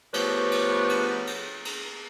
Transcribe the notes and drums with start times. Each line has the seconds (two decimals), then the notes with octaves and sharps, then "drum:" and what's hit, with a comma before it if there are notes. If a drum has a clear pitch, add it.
0.14 F3 A3 B3 G4 B4 C#5, drum: cymbal
0.52 drum: cymbal
0.89 drum: cymbal
1.27 drum: cymbal
1.65 drum: cymbal